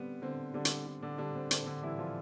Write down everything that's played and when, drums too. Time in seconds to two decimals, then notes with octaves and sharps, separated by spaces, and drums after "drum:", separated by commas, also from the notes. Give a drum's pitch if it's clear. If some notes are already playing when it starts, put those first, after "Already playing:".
Already playing: D3 G3 B3 C4
0.22 D3 C4
0.54 D3 G3 D4
0.65 drum: hi-hat
0.86 D3
1.02 D3 D4
1.18 D3 G3 D4
1.35 C4
1.51 D3 C4, drum: hi-hat
1.66 D3 D4
1.83 E3 G3 E4
1.98 F3 F4